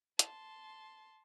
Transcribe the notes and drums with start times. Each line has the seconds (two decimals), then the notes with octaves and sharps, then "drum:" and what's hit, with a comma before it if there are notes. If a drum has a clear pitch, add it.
0.19 A5 C6, drum: hi-hat